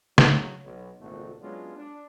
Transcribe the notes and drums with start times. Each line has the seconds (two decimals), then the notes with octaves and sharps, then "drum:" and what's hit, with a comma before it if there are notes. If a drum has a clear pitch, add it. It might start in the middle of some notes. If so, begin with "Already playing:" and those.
0.18 C#3 F#3, drum: snare
0.65 B1
1.00 G#1 C#2 A#2 D3 A3 F#4
1.41 F#3 G#3 B3 C#4 D4 F4
1.76 D4